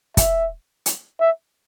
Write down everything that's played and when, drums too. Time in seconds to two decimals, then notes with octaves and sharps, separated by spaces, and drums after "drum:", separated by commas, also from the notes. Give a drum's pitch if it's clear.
0.17 E5, drum: kick, hi-hat
0.86 drum: hi-hat
1.20 E5